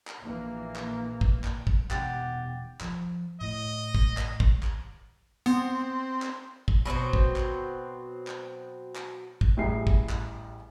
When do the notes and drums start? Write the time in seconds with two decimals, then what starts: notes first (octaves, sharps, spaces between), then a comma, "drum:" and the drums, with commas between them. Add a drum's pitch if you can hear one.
0.07 drum: clap
0.20 A#1 E3 A#3
0.76 drum: clap
1.21 drum: kick
1.44 drum: clap
1.67 drum: kick
1.91 E1 D#3 G4 F#5 A6, drum: clap
2.81 F3, drum: clap
3.41 A2 D#5
3.95 drum: kick
4.17 drum: clap
4.40 drum: kick
4.63 drum: clap
5.46 B3 C4
6.22 drum: clap
6.68 drum: kick
6.85 B2 F#3 C4 C5
7.13 drum: kick
7.36 drum: clap
8.27 drum: clap
8.96 drum: clap
9.41 drum: kick
9.57 A1 G3 E4 G#4 A#5 C7
9.87 drum: kick
10.09 drum: clap